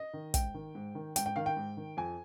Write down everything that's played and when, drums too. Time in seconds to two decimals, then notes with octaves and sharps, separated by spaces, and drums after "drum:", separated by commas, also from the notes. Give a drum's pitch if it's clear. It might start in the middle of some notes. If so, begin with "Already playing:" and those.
Already playing: D#5
0.13 D#3
0.34 G#2 G5, drum: kick, hi-hat
0.54 D#3
0.75 G#2
0.95 D#3
1.16 G#2 G5, drum: hi-hat
1.26 G5
1.36 D#3 F5
1.46 G5
1.57 G#2
1.77 D#3
1.97 F2 G#5